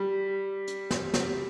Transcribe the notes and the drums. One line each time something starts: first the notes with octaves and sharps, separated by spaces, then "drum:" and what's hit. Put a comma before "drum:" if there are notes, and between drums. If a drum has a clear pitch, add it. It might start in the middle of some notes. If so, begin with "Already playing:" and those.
Already playing: G3
drum: hi-hat
drum: snare
drum: snare